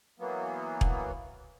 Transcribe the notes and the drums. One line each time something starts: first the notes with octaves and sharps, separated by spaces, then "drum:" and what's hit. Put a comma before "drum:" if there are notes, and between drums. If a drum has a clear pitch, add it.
E3 F#3 A#3 B3
drum: kick E1